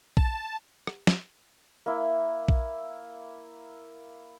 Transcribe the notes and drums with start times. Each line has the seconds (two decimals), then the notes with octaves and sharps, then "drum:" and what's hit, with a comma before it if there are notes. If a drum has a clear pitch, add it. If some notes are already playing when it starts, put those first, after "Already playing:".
0.17 A5, drum: kick A#1
0.87 drum: rim click
1.07 drum: snare
1.86 A#3 E4
2.48 drum: kick A#1